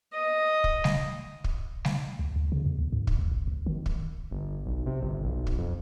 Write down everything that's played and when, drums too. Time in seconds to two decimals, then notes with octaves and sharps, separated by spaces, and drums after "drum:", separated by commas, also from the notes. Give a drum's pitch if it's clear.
0.14 D#5
0.64 drum: kick
0.84 drum: snare G3
1.44 drum: kick
1.85 drum: snare G3
2.19 C#2
2.36 D2
2.52 C#3
2.66 E2
2.79 C#2
2.92 G#2
3.07 D#1, drum: kick
3.19 D2
3.32 G1
3.48 C#2
3.66 D#3
3.86 drum: kick
4.31 G1
4.66 B1
4.86 C3
5.02 G1
5.24 B1
5.47 drum: kick
5.59 F2